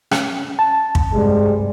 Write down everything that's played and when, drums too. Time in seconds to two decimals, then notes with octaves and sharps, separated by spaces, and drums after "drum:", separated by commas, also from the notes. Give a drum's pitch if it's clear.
0.11 C#4, drum: rim click
0.59 A5
0.95 drum: kick
1.13 C2 G2 C3 G3 G#3